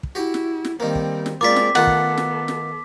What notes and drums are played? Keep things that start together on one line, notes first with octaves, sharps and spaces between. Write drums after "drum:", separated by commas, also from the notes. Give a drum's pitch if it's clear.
drum: kick
E4 F#4 G4
drum: snare
drum: snare
D#3 G3 A#3 C4
drum: kick
drum: snare
G#3 A#3 C4 F4 D5 D6 B6
drum: snare
D#3 A3 B3 F4 A4 F#5
drum: kick
drum: snare
drum: snare